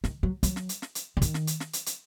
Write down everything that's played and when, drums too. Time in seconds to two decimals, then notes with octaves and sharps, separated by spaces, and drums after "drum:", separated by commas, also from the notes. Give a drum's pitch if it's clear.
0.04 D#3, drum: snare
0.23 F#3
0.43 F#3, drum: kick, hi-hat
0.56 drum: snare
0.69 drum: hi-hat
0.82 drum: snare
0.95 drum: hi-hat
1.17 D3
1.22 D#3, drum: kick, hi-hat
1.34 drum: snare
1.47 drum: hi-hat
1.60 drum: snare
1.73 drum: hi-hat
1.86 drum: hi-hat